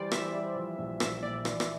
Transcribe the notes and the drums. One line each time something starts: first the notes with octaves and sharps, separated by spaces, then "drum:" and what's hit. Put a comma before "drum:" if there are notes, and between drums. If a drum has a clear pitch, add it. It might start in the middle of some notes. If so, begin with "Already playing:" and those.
Already playing: E3 G3 C5 D5
E3 E5, drum: rim click
G3
F3
A#1
A#1 E5, drum: rim click
A#2 D5
E3, drum: rim click
drum: rim click